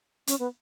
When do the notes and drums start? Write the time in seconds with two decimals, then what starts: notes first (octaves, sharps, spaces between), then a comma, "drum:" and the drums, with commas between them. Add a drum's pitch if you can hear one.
0.27 C#4, drum: hi-hat
0.39 B3